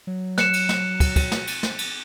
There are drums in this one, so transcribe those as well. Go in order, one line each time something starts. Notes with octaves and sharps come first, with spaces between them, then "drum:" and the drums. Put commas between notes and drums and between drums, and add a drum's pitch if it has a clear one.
F#3
F#6 C#7 E7, drum: snare
drum: cymbal
drum: snare
drum: kick, cymbal
drum: kick, cymbal
drum: snare
drum: cymbal
drum: snare
drum: cymbal